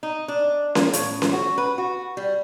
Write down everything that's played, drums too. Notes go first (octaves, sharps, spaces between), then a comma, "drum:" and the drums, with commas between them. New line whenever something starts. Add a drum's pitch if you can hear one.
D#4
D4
A#3, drum: snare C#4
A2, drum: hi-hat
drum: snare C#4
F#4
B4
F#4
G3